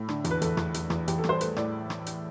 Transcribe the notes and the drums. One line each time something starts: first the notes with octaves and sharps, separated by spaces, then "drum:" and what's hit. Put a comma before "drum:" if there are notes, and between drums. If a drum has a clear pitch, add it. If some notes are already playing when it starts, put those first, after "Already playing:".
Already playing: A2
D3, drum: rim click
E2, drum: hi-hat
B4
E2 A4, drum: hi-hat
E2, drum: rim click
E2, drum: hi-hat
E2, drum: rim click
E2 G4, drum: hi-hat
A4
G3, drum: rim click
C5
A3 B4, drum: hi-hat
A2 D5, drum: rim click
drum: rim click
drum: hi-hat